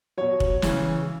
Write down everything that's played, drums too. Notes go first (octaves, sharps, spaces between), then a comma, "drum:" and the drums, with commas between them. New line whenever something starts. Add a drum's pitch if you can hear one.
B2 F#3 C#5
drum: kick
C#3 E3, drum: snare